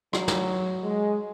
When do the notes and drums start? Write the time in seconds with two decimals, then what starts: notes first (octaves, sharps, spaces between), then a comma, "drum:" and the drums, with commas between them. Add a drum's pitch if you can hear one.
0.13 F#3, drum: rim click
0.28 drum: snare
0.83 G#3